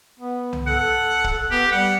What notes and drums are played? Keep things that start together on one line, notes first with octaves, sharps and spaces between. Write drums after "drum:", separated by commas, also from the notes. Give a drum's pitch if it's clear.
B3
drum: tom C2
A4 F#5
drum: kick
B3 G4
G3 F#5